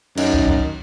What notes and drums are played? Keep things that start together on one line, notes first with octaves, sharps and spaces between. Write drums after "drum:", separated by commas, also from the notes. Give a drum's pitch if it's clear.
F#2 D#3 F#3 D#4, drum: cymbal
drum: kick
drum: kick